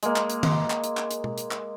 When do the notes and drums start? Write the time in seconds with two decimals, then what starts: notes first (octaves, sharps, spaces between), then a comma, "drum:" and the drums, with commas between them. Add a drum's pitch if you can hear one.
0.03 G#3 A#3, drum: hi-hat
0.16 drum: clap
0.30 drum: hi-hat
0.43 drum: tom
0.70 drum: clap
0.84 drum: hi-hat
0.97 drum: clap
1.11 drum: hi-hat
1.24 drum: tom
1.38 drum: hi-hat
1.51 drum: clap